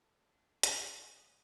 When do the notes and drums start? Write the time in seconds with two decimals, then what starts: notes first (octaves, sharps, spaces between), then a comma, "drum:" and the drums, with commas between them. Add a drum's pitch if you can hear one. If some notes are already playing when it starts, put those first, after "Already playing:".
Already playing: A4 A5
0.29 D4
0.63 D4 A#5, drum: hi-hat
0.82 E6
1.00 F#4 D#6
1.17 D#6
1.28 D#6